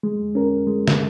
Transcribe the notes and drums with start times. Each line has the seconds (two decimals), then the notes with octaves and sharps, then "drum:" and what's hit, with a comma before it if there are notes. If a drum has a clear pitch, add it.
0.03 G#3
0.35 C#4 A#4
0.67 G#3
0.88 drum: snare